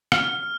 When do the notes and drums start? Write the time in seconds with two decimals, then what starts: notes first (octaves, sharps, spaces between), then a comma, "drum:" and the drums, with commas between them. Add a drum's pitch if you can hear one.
0.12 F6, drum: rim click